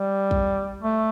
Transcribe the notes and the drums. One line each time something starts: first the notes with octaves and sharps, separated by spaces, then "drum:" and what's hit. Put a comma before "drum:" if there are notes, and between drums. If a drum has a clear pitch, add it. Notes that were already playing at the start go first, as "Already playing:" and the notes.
Already playing: G3
drum: kick
A3